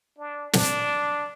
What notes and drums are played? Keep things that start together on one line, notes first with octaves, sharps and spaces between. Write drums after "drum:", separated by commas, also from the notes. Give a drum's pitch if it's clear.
D4
D4, drum: snare